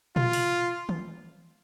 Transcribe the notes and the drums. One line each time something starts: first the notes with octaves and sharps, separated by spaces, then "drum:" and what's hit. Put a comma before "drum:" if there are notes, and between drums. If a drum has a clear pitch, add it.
F4, drum: tom A#2
drum: open hi-hat
drum: tom